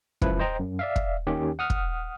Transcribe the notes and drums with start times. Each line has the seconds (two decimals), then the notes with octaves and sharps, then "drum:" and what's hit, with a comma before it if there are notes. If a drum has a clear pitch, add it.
0.22 C#2 F#2 F3 E4 B4, drum: kick
0.40 C5 D#5 G5 A#5
0.60 F#2
0.79 D5 E5 F5
0.96 drum: kick
1.27 D#2 D#3 C#4 G4
1.59 F#5 D#6 F6
1.70 drum: kick